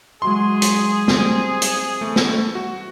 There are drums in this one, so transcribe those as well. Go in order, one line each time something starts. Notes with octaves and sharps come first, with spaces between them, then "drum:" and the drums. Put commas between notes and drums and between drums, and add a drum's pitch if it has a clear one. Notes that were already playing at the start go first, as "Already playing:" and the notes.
E3 F#3 G#3 G#4 C6
drum: hi-hat
G3 C4 D#5, drum: snare
drum: hi-hat
E3 A3 B3
drum: snare
F#4